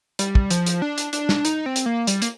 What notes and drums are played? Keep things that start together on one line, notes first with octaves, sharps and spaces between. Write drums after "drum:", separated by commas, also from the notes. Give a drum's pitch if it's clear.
G3, drum: hi-hat
drum: kick
F3, drum: hi-hat
drum: hi-hat
D4
drum: hi-hat
D4, drum: hi-hat
drum: snare
D#4, drum: hi-hat
C4
drum: hi-hat
A#3
G3, drum: hi-hat
A#3, drum: hi-hat